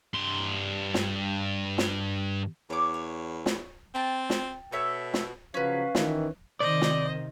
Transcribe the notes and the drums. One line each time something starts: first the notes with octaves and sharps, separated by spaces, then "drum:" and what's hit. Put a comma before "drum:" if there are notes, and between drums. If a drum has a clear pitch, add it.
G2 C6
drum: snare
drum: snare
E2 C#5 D6
C#5
drum: snare
C4 G5 A5
drum: snare
B2 A4 C#5 E5
drum: snare
C#3 F3 F#3 C#4 B4 F5
D#3 E3, drum: snare
C3 D#3 C5 D5 D#5
drum: snare